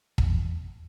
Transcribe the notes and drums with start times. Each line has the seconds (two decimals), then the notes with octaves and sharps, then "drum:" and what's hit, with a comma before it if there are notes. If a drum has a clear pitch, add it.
0.18 E2, drum: kick